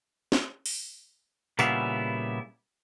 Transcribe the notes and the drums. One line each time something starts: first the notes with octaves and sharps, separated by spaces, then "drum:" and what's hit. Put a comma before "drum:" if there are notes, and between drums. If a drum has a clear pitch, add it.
drum: snare
drum: open hi-hat
A#2 C#3 G3 B3 E4 F4, drum: tambourine